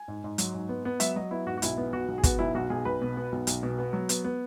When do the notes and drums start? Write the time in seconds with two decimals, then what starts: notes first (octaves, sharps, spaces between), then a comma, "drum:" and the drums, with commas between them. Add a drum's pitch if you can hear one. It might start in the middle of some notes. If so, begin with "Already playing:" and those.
Already playing: G#5
0.08 G#2
0.24 G#2
0.38 F#3, drum: hi-hat
0.54 G#2
0.69 B3
0.85 B3
1.00 F#3 E5, drum: hi-hat
1.16 F#3 D#5
1.31 B3 E4
1.46 G#2 F#4
1.57 F#4
1.62 B1 E4, drum: hi-hat
1.78 B3
1.92 B1 F#4
2.08 B1
2.18 G#4
2.24 B3 F#4, drum: kick, hi-hat
2.39 B1 E4
2.54 B1 F#4
2.70 B1 G#4
2.85 B1 B4
3.01 B2
3.17 B3
3.32 B1
3.47 B1, drum: hi-hat
3.63 B2
3.78 B3
3.93 F#3
4.09 B3, drum: hi-hat
4.24 B3